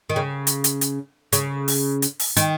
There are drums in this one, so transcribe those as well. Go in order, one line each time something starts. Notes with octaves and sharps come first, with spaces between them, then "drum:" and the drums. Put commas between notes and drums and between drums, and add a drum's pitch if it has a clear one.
D#3
C#3
drum: hi-hat
drum: hi-hat
drum: hi-hat
C#3, drum: hi-hat
drum: open hi-hat
drum: hi-hat
drum: open hi-hat
D#3, drum: hi-hat